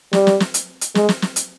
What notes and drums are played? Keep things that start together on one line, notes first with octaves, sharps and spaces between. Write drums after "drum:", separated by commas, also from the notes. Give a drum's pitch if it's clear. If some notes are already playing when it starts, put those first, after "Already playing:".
G3, drum: snare
drum: snare
drum: snare
drum: hi-hat
drum: hi-hat
G#3, drum: snare
drum: snare
drum: snare
drum: hi-hat